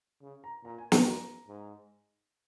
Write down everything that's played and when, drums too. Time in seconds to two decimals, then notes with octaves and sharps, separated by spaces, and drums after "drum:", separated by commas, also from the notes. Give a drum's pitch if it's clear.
0.22 C#3
0.44 A#5
0.64 A#2 A#5
0.78 G#5
0.92 C#6, drum: snare
1.06 F#2 A#5
1.48 G#2